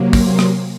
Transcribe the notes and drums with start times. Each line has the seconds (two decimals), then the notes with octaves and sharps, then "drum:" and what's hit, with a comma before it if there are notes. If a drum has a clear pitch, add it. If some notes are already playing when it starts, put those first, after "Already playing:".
Already playing: C3 F#3 A#3
0.13 C6, drum: kick, open hi-hat
0.39 drum: rim click